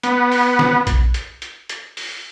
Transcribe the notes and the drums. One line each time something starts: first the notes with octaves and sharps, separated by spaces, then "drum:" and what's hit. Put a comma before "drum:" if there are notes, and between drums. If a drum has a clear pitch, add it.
B3, drum: hi-hat
drum: open hi-hat
drum: snare
drum: kick A#1, hi-hat
drum: hi-hat
drum: hi-hat
drum: hi-hat
drum: open hi-hat